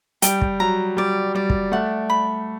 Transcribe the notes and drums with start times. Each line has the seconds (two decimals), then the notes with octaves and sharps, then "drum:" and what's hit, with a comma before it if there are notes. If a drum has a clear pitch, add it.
0.22 G3 G5, drum: hi-hat
0.42 drum: kick
0.60 F#3 A#5
0.97 G3 D5
1.35 G3 D5
1.50 drum: kick
1.72 A3 F#5
2.10 B5